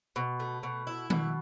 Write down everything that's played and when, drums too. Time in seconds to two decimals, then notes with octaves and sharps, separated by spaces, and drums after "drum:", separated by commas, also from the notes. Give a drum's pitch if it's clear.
0.16 B2
0.40 A3
0.63 B2
0.87 E4
1.10 B2, drum: tom D#3